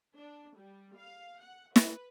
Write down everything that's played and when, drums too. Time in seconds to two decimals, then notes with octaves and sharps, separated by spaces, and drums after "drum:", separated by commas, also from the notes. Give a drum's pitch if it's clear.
0.16 D4
0.57 G3
0.97 F5
1.41 F#5
1.76 B4, drum: snare